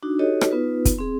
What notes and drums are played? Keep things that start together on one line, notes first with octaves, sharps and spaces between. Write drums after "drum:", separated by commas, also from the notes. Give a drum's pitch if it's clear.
D4 D#4 F#4
D#4 F#4 G4 A4 C#5 D#5
drum: rim click
B3 D#4 F4 B4
drum: kick, hi-hat
C4 G#4